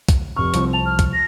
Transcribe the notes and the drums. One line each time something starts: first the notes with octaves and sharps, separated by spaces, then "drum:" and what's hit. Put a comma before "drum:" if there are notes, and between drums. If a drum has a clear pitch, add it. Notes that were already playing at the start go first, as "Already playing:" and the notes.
drum: kick, hi-hat
F1 C#6 F6
C2 F3 C4, drum: hi-hat
A5 F7
F6
drum: kick, hi-hat
A#6